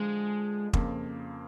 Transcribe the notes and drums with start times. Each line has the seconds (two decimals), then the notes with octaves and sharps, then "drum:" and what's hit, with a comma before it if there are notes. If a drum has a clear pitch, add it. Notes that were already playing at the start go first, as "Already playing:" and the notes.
Already playing: D3 F3 G#3
0.73 F2 C#3 F3 A#3, drum: kick